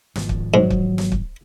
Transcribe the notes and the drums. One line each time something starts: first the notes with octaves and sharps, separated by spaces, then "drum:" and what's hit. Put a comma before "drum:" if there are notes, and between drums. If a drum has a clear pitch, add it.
G#1 F3, drum: snare
drum: kick
G#2 F#3
drum: kick
drum: snare
drum: kick